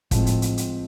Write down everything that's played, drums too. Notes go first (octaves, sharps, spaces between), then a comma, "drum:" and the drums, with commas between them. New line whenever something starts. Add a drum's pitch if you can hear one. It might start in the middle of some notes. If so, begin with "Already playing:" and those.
A2 F3 G#3 C4, drum: kick, hi-hat
drum: hi-hat
drum: hi-hat
drum: hi-hat